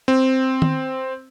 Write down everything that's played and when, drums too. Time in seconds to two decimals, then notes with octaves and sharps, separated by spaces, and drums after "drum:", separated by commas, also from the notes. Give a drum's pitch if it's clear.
0.08 C4
0.62 drum: tom D#3